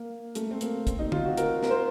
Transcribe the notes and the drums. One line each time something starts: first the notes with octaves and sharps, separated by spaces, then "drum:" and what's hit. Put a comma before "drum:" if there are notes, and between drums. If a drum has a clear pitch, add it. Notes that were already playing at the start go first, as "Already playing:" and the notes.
Already playing: A#3
A3, drum: hi-hat
C4
A#3, drum: hi-hat
C4, drum: kick, hi-hat
D#4
F4, drum: tom
F#4
A#4, drum: hi-hat
A#4, drum: snare
C5